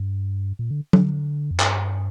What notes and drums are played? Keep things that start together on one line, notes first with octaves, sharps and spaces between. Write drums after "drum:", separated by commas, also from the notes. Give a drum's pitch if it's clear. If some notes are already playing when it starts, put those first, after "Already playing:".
Already playing: G2
A#2
D3
D3, drum: tom F#3
F2
G2, drum: clap